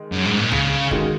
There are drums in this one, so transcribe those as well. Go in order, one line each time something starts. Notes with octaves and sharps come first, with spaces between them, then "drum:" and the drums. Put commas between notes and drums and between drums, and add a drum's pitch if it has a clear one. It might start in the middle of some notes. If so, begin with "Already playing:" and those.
Already playing: D#3 G#3
F#2
G#2
A#2
C#3, drum: tom C#2
D#3 G#3 D#4 F#4, drum: kick